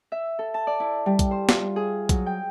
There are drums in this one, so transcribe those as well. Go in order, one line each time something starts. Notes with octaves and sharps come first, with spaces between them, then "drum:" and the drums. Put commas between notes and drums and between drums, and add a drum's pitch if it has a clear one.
E5
A4
A5
D5
E4
G3
drum: kick A#1, hi-hat
C5
F4, drum: snare
G#4
F#3, drum: kick A#1, hi-hat
G5